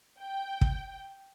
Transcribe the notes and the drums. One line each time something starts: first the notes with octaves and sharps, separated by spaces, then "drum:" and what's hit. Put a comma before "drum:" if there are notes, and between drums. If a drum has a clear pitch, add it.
G5
drum: kick